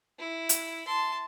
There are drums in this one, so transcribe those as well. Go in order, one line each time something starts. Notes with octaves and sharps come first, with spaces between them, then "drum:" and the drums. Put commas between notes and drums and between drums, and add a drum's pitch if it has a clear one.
E4
drum: hi-hat
A5 C6